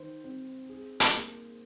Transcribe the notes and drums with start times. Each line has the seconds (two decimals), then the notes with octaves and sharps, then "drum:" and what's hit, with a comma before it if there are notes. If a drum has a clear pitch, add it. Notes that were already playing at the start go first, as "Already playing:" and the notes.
Already playing: D#3 C5
0.24 C4
0.69 G#4
1.00 drum: hi-hat
1.14 A#3